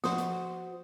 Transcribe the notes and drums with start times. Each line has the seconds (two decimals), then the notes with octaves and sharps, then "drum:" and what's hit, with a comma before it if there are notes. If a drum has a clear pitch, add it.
0.04 F3 F#4 C5, drum: snare
0.18 drum: hi-hat